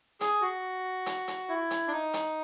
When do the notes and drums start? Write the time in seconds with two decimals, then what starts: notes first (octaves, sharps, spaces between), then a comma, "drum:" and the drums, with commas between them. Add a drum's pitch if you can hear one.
0.21 G#4, drum: hi-hat
0.42 F#4
1.06 drum: hi-hat
1.28 drum: hi-hat
1.49 E4
1.71 drum: hi-hat
1.88 D4
1.92 D#4
2.13 drum: hi-hat